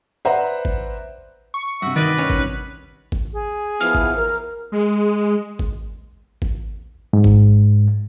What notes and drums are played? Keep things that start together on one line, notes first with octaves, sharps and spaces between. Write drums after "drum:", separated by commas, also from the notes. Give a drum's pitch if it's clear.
B4 C5 D5 E5 F#5 A#5
drum: kick G#1
C#6
G2 C3 F#4 E5
D#3 B4 D5 D#5
C#4
drum: kick G#1
drum: kick G#1
G#4
F3 B3 E4 F6
drum: kick G#1
A#4
G#3
drum: kick G#1
drum: kick G#1
G#2
drum: kick G#1